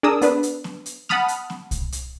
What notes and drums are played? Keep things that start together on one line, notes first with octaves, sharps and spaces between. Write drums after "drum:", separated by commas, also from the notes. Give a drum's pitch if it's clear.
D4 G#4 A#4 D#6 E6
B3 D4 B4, drum: hi-hat
drum: hi-hat
drum: snare B3
drum: hi-hat
F#5 A5 B5 D#6 F6, drum: snare B3
drum: hi-hat
drum: snare B3
drum: kick C2, hi-hat
drum: hi-hat